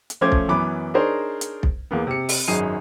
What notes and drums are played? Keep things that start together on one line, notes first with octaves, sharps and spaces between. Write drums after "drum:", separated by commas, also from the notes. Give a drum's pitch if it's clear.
drum: hi-hat
F3 A3 C#4 C5 D6 G#6
drum: kick B1
F#2 E3 B3 B5 D6
D4 D#4 G#4 A#4 C5 C#5
drum: hi-hat
drum: kick B1
E2 A#3 B3
C3 C#7
drum: open hi-hat
G#1 F#2 D#4 G#4 C7 D#7